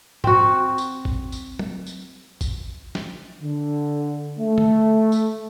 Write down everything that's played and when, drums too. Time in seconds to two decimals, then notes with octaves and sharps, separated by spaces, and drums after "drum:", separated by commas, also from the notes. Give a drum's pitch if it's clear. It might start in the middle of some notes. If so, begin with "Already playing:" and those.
0.24 C4 F#4, drum: tom G#2
0.78 drum: tambourine
1.05 drum: kick
1.32 drum: tambourine
1.59 drum: tom F#3
1.87 drum: tambourine
2.41 drum: kick, tambourine
2.95 drum: snare
3.42 D3
4.39 A3
4.58 drum: tom D3
5.12 drum: tambourine